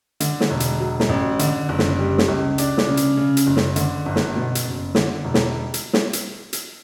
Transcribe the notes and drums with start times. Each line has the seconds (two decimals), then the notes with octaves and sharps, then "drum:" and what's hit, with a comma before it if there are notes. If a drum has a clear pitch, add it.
0.20 D3, drum: hi-hat
0.40 drum: snare
0.50 E1
0.60 drum: hi-hat
0.80 F#3
1.00 drum: snare
1.09 A1
1.39 D3, drum: hi-hat
1.69 F#1
1.79 drum: snare
1.99 G3
2.18 drum: snare
2.28 C#2
2.58 D4, drum: hi-hat
2.77 drum: snare
2.87 C#3
2.97 drum: hi-hat
3.17 C#3
3.37 drum: hi-hat
3.47 F#1
3.56 drum: snare
3.76 D3, drum: hi-hat
4.06 G1
4.16 drum: snare
4.35 B2
4.55 drum: hi-hat
4.65 F#1
4.95 D3, drum: snare
5.25 E1
5.34 drum: snare
5.74 drum: hi-hat
5.93 drum: snare
6.13 drum: hi-hat
6.53 drum: hi-hat